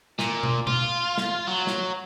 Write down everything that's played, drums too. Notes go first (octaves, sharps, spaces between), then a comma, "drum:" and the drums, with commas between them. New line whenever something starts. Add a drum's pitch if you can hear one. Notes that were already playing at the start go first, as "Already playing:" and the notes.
A#2, drum: snare
drum: tom B2
F4, drum: tom B2
drum: snare
F#3
drum: snare